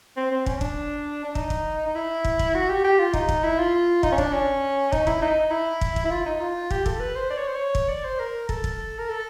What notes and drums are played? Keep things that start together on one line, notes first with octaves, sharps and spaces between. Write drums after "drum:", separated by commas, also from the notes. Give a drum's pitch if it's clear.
C4
C4
C#4, drum: kick
C#4
D4, drum: kick
D4
D#4, drum: kick
drum: kick
D#4
E4
drum: kick
drum: kick
F#4
G4
G4
F4
D#4, drum: kick
drum: kick
E4
F4
D#4, drum: kick
C#4
D4, drum: kick
C#4
D#4, drum: kick
E4, drum: kick
D#4
E4
drum: kick
drum: kick
E4
F4
D#4
F4
G4, drum: kick
A4, drum: kick
B4
C5
D5
C#5
C5
C#5
drum: kick
D5
C5
A#4
A4, drum: kick
drum: kick
A#4
A4